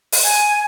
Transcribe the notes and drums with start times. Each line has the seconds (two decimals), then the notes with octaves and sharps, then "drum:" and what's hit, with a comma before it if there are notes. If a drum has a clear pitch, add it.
0.12 drum: open hi-hat
0.25 G#5